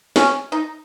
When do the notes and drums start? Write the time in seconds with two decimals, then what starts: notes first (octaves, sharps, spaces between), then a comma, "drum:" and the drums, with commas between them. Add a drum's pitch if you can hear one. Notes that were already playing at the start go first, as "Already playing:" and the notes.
0.16 C#4, drum: snare
0.52 D#4